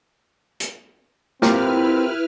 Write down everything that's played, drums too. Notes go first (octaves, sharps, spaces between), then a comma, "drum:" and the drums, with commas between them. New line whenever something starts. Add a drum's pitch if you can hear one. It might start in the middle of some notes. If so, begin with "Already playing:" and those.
drum: hi-hat
C4 E4 F4 G4 A#4 B4 F6, drum: snare